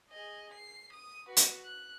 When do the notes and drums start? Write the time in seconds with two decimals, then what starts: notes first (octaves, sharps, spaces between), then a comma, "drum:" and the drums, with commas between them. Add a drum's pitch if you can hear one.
0.10 G#4 D#5
0.54 C7
0.92 D#6
1.27 F#4 B4
1.37 drum: hi-hat
1.65 F#6